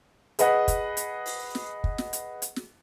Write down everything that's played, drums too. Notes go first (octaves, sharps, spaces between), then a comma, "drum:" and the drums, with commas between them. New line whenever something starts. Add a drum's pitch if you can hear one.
G#4 B4 D#5 F#5, drum: hi-hat
drum: kick, hi-hat
drum: hi-hat
drum: open hi-hat
drum: snare
drum: kick
drum: snare
drum: hi-hat
drum: hi-hat
drum: snare